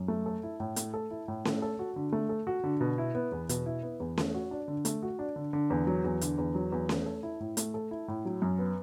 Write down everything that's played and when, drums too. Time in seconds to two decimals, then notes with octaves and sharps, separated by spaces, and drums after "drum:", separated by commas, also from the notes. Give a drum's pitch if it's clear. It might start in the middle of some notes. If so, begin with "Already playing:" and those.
Already playing: F#2
0.08 A3
0.26 A4
0.43 E4
0.60 A2
0.76 A3, drum: hi-hat
0.94 A4
1.11 E4
1.28 A2
1.45 A3, drum: snare C#4
1.62 A4
1.79 F#4
1.96 D3
2.13 A3
2.29 A4
2.47 F#4
2.64 D3
2.81 B2
2.98 E4
3.15 B3
3.32 E2
3.49 B2, drum: hi-hat
3.66 E4
3.83 B3
4.00 E2
4.18 A3, drum: snare C#4
4.34 F#4
4.51 D4
4.68 D3
4.85 A3, drum: hi-hat
5.03 F#4
5.19 D4
5.36 D3
5.53 D3
5.70 E2
5.87 F#3
6.04 E2
6.21 D3, drum: hi-hat
6.38 E2
6.55 F#3
6.72 E2
6.89 A3, drum: snare C#4
7.06 A4
7.23 E4
7.40 A2
7.57 A3, drum: hi-hat
7.74 A4
7.91 E4
8.08 A2
8.25 F#3
8.42 F#2
8.59 B3